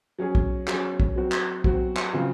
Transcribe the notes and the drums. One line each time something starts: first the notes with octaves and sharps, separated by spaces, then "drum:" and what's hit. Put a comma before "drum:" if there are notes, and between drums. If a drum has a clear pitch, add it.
F#3 C#4 G#4
drum: kick
F#3 C#4 G#4, drum: clap
drum: kick
F#3 C4 F#4
drum: clap
F#3 C4 F#4, drum: kick
drum: clap
C#3 F#3 C4 F4